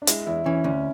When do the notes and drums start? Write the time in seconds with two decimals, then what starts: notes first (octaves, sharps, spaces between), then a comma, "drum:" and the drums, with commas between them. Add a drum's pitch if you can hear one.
0.02 D4
0.07 G#3 E4, drum: hi-hat
0.26 E2 E4
0.46 E3 C#4
0.64 D2 C#4